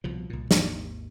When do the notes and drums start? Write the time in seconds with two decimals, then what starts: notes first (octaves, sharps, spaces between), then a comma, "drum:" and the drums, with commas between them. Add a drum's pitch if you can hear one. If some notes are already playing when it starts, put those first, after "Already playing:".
0.04 C2 B2 F3
0.30 C2 A#2
0.51 G#1 D#2 D#3, drum: snare